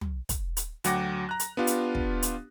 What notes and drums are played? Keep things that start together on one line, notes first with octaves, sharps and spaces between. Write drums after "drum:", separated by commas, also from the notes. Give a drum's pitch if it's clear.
drum: tom
drum: kick, hi-hat
drum: hi-hat
D2 F#3 F#5 G5 D6 A#6, drum: hi-hat
A#5 F#6
drum: hi-hat
B3 D4 F4 G4
drum: hi-hat
drum: kick
drum: hi-hat